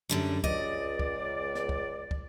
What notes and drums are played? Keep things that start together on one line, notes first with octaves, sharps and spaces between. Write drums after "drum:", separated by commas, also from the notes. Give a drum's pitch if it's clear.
F#2 D3 G3
C#2 D5 D#5, drum: kick
drum: kick
drum: snare
drum: kick
drum: kick